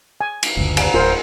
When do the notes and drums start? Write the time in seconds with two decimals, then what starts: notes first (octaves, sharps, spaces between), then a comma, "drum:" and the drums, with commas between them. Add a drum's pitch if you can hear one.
0.21 G#5
0.43 drum: cymbal
0.57 F#1 D2
0.77 drum: cymbal
0.94 D1 F4 A#4 C5